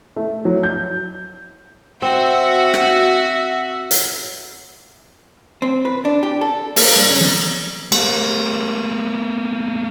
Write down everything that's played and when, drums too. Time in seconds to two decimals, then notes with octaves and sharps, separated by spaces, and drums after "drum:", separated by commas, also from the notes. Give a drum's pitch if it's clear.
0.16 A3
0.45 F#3
0.63 G6
2.02 C4 F#4 E5
2.74 drum: rim click
3.91 drum: hi-hat
5.62 C4
5.85 B4
6.05 D4
6.23 G4
6.41 A4
6.76 A#3, drum: open hi-hat
6.95 G2
7.10 C#3
7.21 drum: snare
7.92 A3 A#3, drum: cymbal